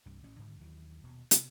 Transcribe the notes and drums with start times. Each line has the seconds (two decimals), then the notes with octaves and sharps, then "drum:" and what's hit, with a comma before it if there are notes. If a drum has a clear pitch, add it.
0.06 C2 G2 C3
0.23 A1 C#4
0.39 G#2 D3 D#3
0.60 D#2 D#3 E3 F#3
1.04 D#1 B2
1.31 C3, drum: hi-hat